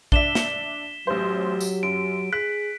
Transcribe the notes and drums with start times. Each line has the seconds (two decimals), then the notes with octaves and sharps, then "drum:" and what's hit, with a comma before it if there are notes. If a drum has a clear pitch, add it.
0.12 D4 E5 B6 E7 G7, drum: kick
0.35 drum: snare
1.07 A1 F#3 G4 C5
1.61 drum: tambourine
1.83 F#2 D7
2.33 G#4 F#6 B6